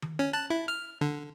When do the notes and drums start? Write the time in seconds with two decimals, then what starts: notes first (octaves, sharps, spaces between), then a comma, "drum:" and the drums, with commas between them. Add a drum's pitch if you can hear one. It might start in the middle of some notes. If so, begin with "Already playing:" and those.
0.02 drum: tom D#3
0.19 C#4
0.33 A5 F#6
0.50 E4
0.68 F6
1.01 D3